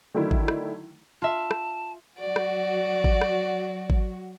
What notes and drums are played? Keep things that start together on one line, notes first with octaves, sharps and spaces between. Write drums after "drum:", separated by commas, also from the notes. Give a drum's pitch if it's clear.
D3 D#3 F#3 A3 D#4 E4
drum: kick G#1
drum: rim click
F4 E5 A5
drum: rim click
F#3 F#4 D5
drum: rim click
drum: kick G#1
drum: rim click
drum: kick G#1